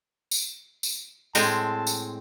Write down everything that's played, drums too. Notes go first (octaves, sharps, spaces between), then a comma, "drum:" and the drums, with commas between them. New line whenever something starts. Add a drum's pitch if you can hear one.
drum: tambourine
drum: tambourine
A2 G#3 C4 A5, drum: tambourine
drum: tambourine